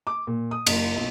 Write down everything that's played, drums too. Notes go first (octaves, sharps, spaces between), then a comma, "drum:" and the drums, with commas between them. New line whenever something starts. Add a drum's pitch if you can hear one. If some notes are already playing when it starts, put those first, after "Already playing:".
D6
A#2
D#6
F#1, drum: cymbal
B1